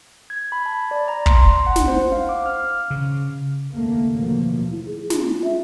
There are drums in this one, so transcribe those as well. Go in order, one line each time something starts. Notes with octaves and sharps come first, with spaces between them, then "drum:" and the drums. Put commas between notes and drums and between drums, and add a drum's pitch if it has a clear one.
G#6
B5
A5
D5
A#5
C6, drum: kick
F#5
drum: snare
C5
F5
D6
F6
C#3
D#2 C#3 A3 A#3
B2 D3 F3 A#3
E4
G#4
F4, drum: snare
E5